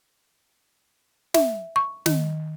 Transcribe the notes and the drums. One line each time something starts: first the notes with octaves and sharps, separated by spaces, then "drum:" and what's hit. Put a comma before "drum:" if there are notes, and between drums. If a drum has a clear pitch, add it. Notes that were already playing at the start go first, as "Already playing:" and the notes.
E5, drum: snare
C#6
D#3, drum: snare